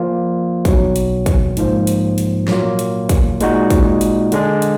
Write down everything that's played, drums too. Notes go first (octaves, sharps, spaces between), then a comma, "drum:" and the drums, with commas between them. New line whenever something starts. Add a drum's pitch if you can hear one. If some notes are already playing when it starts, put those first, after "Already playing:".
Already playing: F3 A#3 F4
B1 B2 F#3, drum: kick, hi-hat
drum: hi-hat
drum: kick, hi-hat
G#2 F3 A#3, drum: hi-hat
drum: hi-hat
drum: hi-hat
A#2 F#3 A#3 F4, drum: snare
drum: hi-hat
drum: kick, hi-hat
A#2 G#3 D#4 F#4, drum: hi-hat
drum: kick, hi-hat
drum: hi-hat
D3 G#3 D4, drum: hi-hat
drum: hi-hat